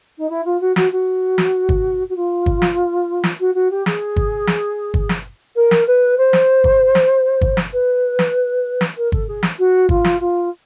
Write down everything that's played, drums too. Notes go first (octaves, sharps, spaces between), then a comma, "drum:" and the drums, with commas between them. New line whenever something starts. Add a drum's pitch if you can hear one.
D#4
E4
F4
F#4
F#4, drum: snare
F#4
drum: snare
drum: kick
F#4
F4
drum: kick
drum: snare
drum: snare
F#4
F#4
G4
G#4, drum: snare
drum: kick
drum: snare
drum: kick
drum: snare
A#4
drum: snare
B4
C5
drum: snare
drum: kick
drum: snare
drum: kick
drum: snare
B4
drum: snare
drum: snare
A#4
A4, drum: kick
G#4
drum: snare
F#4
F4, drum: kick
drum: snare
F4